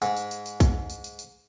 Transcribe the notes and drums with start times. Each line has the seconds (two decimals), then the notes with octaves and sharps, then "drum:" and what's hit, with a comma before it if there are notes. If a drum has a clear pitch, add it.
0.02 G#2, drum: tambourine
0.16 drum: tambourine
0.31 drum: tambourine
0.46 drum: tambourine
0.60 drum: kick A#1, tambourine
0.90 drum: tambourine
1.04 drum: tambourine
1.19 drum: tambourine